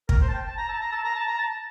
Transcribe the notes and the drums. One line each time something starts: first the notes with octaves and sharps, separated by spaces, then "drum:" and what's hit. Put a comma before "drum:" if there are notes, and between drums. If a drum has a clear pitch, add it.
A#4, drum: kick
C5
A5
G5
A5
A#5
A5
A#5
A5
A#5
A5
A#5
A5